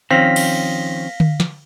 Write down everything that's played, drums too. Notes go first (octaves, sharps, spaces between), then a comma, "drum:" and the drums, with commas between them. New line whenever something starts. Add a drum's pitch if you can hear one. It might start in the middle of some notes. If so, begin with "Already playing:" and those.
D#3 F3 C4 C#4 F5 A#6 B6
drum: cymbal
drum: tom D3
drum: snare